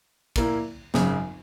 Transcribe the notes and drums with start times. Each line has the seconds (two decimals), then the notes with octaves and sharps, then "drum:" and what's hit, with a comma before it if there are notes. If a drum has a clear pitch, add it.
0.36 A#2 A#3 E4, drum: kick, cymbal
0.94 G#1 F#2 C#3 G#3, drum: snare